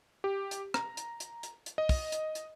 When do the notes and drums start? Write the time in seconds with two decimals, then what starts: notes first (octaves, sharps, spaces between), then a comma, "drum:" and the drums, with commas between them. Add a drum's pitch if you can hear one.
0.24 G4
0.51 drum: hi-hat
0.74 A#5, drum: rim click
0.97 drum: hi-hat
1.20 drum: hi-hat
1.43 drum: hi-hat
1.66 drum: hi-hat
1.78 D#5
1.89 drum: kick, open hi-hat
2.12 drum: hi-hat
2.35 drum: hi-hat